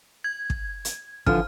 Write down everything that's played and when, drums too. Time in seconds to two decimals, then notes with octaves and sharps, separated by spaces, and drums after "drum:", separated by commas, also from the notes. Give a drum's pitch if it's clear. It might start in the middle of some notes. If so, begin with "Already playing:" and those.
0.24 G#6
0.50 drum: kick
0.85 drum: hi-hat
1.26 D3 E3 F3 F6, drum: kick